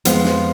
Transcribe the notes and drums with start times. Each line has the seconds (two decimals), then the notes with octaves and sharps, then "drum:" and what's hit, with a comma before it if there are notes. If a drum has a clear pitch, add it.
0.05 F2 F3 G#3 B3 F4, drum: hi-hat
0.24 drum: snare